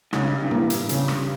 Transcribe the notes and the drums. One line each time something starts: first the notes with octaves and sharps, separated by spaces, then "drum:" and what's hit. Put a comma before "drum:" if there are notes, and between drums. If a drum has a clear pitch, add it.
G#2 C#3, drum: rim click
G2
G2
E3 A#3, drum: tom A2
drum: hi-hat
C#3, drum: hi-hat
drum: rim click